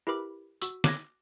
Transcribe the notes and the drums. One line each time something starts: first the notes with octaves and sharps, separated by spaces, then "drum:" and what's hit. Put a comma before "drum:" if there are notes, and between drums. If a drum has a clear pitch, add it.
E4 G4 A#4 B4 B5 D6
F#4 E6, drum: tambourine
D6 F#6 G#6 A#6, drum: snare